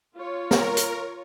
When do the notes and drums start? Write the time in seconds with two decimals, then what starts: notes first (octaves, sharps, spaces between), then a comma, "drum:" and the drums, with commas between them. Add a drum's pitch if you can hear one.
0.17 F4 C#5
0.51 A#4, drum: snare
0.77 drum: hi-hat